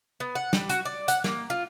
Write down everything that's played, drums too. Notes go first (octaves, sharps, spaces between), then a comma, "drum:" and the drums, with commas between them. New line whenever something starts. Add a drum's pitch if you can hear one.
B3
F#5
G3, drum: snare
F#4, drum: hi-hat
D5
F#5, drum: hi-hat
A#3, drum: snare
F4